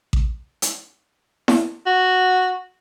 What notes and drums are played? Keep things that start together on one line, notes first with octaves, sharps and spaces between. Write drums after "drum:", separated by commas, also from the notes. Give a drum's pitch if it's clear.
drum: kick A1
drum: hi-hat
drum: snare E4
F#4